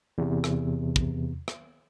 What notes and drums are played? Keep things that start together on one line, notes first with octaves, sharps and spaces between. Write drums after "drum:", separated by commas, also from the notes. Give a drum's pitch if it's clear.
E2 C3
drum: rim click
drum: kick
drum: rim click